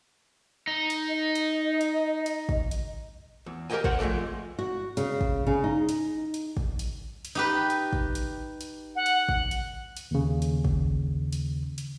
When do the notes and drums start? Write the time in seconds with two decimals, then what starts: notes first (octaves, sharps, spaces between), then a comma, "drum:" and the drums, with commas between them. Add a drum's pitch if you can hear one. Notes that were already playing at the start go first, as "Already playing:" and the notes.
0.67 D#4
0.90 drum: hi-hat
1.09 D#5
1.35 drum: hi-hat
1.81 drum: hi-hat
2.26 drum: hi-hat
2.49 drum: kick
2.71 drum: hi-hat
3.46 E2
3.70 G4 A#4 C#5 D#5 G5 G#5
3.84 A#4 C5 C#5 F#5, drum: kick
3.99 F2 G#3 A3 A4 D5
4.59 F#4
4.97 C#3, drum: hi-hat
5.21 drum: kick
5.47 C#3
5.64 D#4
5.89 drum: hi-hat
6.34 drum: hi-hat
6.57 drum: kick
6.79 drum: hi-hat
7.25 drum: hi-hat
7.35 D#4 G4 B4
7.70 drum: hi-hat
7.93 drum: kick
8.15 drum: hi-hat
8.61 drum: hi-hat
8.96 F#5
9.06 drum: hi-hat
9.29 drum: kick
9.51 drum: hi-hat
9.97 drum: hi-hat
10.11 D#2 C#3
10.42 drum: hi-hat
10.65 drum: kick
11.33 drum: hi-hat
11.78 drum: hi-hat